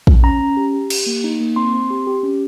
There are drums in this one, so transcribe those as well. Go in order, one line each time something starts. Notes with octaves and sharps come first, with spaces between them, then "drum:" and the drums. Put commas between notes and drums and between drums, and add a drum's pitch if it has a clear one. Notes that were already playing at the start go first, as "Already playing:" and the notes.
drum: kick
C#4 A#5
C#4
G4
G4
G4, drum: cymbal
A#3
D#4
A#3
C4 C6
C4
G4
G4
C#4